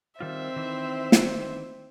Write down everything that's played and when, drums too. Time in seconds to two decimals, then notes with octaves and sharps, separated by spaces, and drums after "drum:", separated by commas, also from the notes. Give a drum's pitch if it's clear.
0.20 D#3 G3 C4 F4 C5 E5
0.56 D#3 E3
1.12 drum: snare